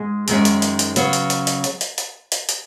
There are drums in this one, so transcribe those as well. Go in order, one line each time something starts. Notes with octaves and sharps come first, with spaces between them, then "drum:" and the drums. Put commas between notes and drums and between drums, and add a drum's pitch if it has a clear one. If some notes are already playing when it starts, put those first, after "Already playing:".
Already playing: G#2 G#3
F#2 D#3 G#3 C#4, drum: hi-hat
drum: hi-hat
drum: hi-hat
drum: hi-hat
C#3 F#3 B3, drum: hi-hat
drum: hi-hat
drum: hi-hat
drum: hi-hat
drum: hi-hat
drum: hi-hat
drum: hi-hat
drum: hi-hat
drum: hi-hat